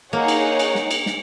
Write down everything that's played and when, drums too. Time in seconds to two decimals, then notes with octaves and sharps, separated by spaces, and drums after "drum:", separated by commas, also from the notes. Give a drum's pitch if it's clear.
0.13 A#3 D#4 G#4 C#5 F#5
0.28 drum: cymbal
0.59 drum: cymbal
0.75 drum: snare
0.91 drum: cymbal
1.06 drum: snare